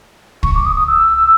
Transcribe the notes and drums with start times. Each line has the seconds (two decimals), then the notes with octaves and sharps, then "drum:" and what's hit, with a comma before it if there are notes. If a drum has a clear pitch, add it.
0.43 C#6, drum: kick
0.55 D6
0.65 D#6
0.76 D#6
0.87 E6